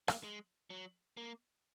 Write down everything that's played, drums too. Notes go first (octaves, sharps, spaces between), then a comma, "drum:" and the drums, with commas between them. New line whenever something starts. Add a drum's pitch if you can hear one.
A#3, drum: rim click
G#3
F#3
A#3